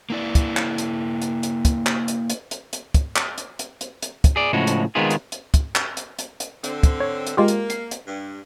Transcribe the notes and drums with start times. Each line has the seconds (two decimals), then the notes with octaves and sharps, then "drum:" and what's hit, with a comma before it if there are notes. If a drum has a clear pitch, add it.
0.10 A#3 E4 D5
0.35 drum: kick, hi-hat
0.57 drum: clap
0.78 drum: hi-hat
1.22 drum: hi-hat
1.43 drum: hi-hat
1.65 drum: kick, hi-hat
1.86 drum: clap
2.08 drum: hi-hat
2.30 drum: hi-hat
2.51 drum: hi-hat
2.73 drum: hi-hat
2.94 drum: kick, hi-hat
3.16 drum: clap
3.38 drum: hi-hat
3.59 drum: hi-hat
3.81 drum: hi-hat
4.02 drum: hi-hat
4.24 drum: kick, hi-hat
4.36 G#4 D5
4.53 A2 C#3 F3 G#3 F#4
4.67 drum: hi-hat
4.95 D#3 G#3 B3 C4 F4 G#4
5.11 drum: hi-hat
5.32 drum: hi-hat
5.54 drum: kick, hi-hat
5.75 drum: clap
5.97 drum: hi-hat
6.19 drum: hi-hat
6.40 drum: hi-hat
6.64 D3 C4, drum: hi-hat
6.83 drum: kick, hi-hat
7.00 C#5
7.27 drum: hi-hat
7.37 G#3 A#3 F4 G4
7.48 drum: hi-hat
7.70 C7, drum: hi-hat
7.91 drum: hi-hat
8.07 G2